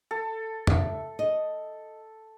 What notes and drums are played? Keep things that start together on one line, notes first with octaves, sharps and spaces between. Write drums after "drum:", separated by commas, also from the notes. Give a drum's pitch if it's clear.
A4
E5, drum: tom F2
D#5